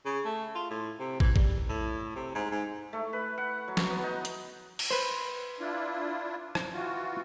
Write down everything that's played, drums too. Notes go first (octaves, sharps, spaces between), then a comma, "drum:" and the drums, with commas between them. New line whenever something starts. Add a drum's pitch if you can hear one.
C#3
A3
F4
A2
C3
E3, drum: kick
G3, drum: kick
A2
C3
G#2
G#2
A3
B4
F#5
F#3
drum: snare
B3
D#4
drum: hi-hat
drum: cymbal
B4 C5
D4 E4 F4
drum: rim click
E3 F4 F#4